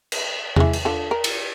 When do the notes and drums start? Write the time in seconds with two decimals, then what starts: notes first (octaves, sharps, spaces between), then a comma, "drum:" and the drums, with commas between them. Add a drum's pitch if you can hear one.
0.12 drum: cymbal
0.56 E3 G#3, drum: tom E2
0.73 drum: cymbal
0.85 D3 F4 A4
1.11 A#4
1.24 drum: cymbal